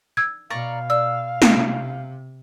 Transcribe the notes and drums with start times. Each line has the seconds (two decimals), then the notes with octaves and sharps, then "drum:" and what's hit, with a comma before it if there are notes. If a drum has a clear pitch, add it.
0.17 E6 G#6
0.50 B2 D5 F5 A#5 C#6
0.90 D5 E6
1.42 drum: snare
1.53 C3